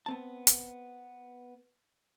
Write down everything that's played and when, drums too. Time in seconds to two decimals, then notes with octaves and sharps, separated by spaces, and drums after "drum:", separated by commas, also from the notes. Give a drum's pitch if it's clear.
0.06 B3 C4 A5
0.47 drum: hi-hat